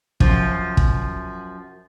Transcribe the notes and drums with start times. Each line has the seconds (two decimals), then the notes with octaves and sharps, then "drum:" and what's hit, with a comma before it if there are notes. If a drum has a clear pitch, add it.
0.20 F#2 F3, drum: kick
0.77 drum: kick